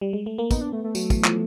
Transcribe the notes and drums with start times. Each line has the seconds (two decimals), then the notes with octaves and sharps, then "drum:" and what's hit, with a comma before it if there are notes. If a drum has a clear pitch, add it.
0.01 G3
0.13 G#3
0.26 A3
0.38 A#3
0.51 B3 D#4, drum: kick, tambourine
0.61 D4
0.73 A3
0.84 A3
0.95 F#3, drum: tambourine
1.10 E3, drum: kick, tambourine
1.24 F3, drum: clap